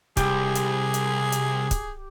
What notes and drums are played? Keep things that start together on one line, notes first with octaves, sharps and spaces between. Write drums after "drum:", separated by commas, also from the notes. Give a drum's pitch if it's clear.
C2 G4 G#4, drum: kick, hi-hat
drum: hi-hat
drum: hi-hat
drum: hi-hat
drum: kick, hi-hat